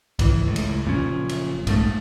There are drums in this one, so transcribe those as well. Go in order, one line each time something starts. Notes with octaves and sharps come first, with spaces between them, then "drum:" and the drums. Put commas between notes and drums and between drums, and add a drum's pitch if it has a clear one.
G#1 C#2 E3, drum: kick, cymbal
C#2 A2
drum: cymbal
F#1 A#2 F3 C#4
drum: cymbal
A#1 G#2 D3 A3, drum: kick, cymbal